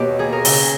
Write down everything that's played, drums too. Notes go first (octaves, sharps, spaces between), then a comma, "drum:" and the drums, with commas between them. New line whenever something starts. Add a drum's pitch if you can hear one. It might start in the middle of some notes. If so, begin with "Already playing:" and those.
Already playing: D#2 B2 G4 B4 C#5 D#5
D#3 G#4
A#4
C#3, drum: open hi-hat